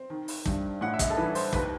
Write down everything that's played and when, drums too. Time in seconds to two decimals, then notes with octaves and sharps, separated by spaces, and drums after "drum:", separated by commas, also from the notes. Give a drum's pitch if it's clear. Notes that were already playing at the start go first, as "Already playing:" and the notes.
Already playing: C4
0.10 D#3
0.28 drum: open hi-hat
0.46 G2, drum: kick
0.81 A2 F#5
0.93 E5
0.99 D#5, drum: kick, hi-hat
1.10 A4
1.17 E3 B4
1.35 C5, drum: open hi-hat
1.53 D#2 B4, drum: kick